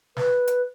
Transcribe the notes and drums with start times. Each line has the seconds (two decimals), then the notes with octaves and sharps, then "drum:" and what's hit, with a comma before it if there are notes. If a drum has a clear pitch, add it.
0.16 B4, drum: snare
0.47 drum: hi-hat